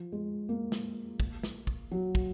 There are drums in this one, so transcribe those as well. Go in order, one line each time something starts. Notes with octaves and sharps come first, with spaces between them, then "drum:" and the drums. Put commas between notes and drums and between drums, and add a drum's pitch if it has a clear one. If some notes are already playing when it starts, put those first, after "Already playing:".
Already playing: F3
G#3
A#3
drum: snare
drum: kick
drum: snare
drum: kick
F#3
drum: kick